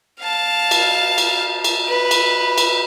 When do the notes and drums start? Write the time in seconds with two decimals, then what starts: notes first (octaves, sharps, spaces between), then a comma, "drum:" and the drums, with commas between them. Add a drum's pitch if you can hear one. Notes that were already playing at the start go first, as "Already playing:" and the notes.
0.20 F5 A5
0.71 drum: cymbal
1.18 drum: cymbal
1.64 drum: cymbal
1.88 B4
2.11 drum: cymbal
2.58 drum: cymbal